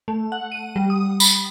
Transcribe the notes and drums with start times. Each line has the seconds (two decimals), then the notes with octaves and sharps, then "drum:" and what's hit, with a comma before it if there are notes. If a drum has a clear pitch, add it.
0.08 A3
0.32 F#5
0.52 D#7
0.76 G3
0.90 D#6
1.20 B5, drum: tambourine